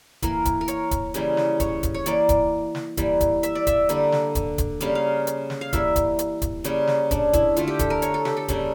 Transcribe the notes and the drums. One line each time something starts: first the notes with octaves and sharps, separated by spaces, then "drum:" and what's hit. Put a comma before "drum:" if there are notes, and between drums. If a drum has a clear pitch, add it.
E3 A#3 A#4, drum: kick, hi-hat
drum: kick, hi-hat
A#4
C#5, drum: hi-hat
drum: kick, hi-hat
C#3 E3 G3 A#3, drum: hi-hat
drum: snare
C#5, drum: kick, hi-hat
drum: kick, hi-hat
C#5
E3 A#3 D5, drum: hi-hat
drum: kick, hi-hat
drum: snare
E3 G3 A#3, drum: kick, hi-hat
drum: kick, hi-hat
E5, drum: hi-hat
D5
E5, drum: kick, hi-hat
D3 G3 A#3, drum: hi-hat
drum: snare
drum: kick, hi-hat
drum: kick, hi-hat
C#3 G3 A#3 F5, drum: hi-hat
F5
drum: hi-hat
drum: snare
F5
E3 G3 A#3 E5, drum: kick, hi-hat
drum: kick, hi-hat
drum: hi-hat
drum: kick, hi-hat
C#3 G3 A#3, drum: hi-hat
drum: snare
D4, drum: kick, hi-hat
E4, drum: kick, hi-hat
D3 A3 F4, drum: hi-hat
G4
A4, drum: kick, hi-hat
A#4
C#5, drum: hi-hat
A4
G4, drum: snare
A4
C#3 G3 A#3, drum: kick, hi-hat